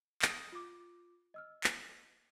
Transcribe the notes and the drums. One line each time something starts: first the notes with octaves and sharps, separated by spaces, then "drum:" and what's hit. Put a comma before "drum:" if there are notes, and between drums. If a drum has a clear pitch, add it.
D#6 F6 A#6 D7, drum: clap
F4 D6
D#5 E6 F6
drum: clap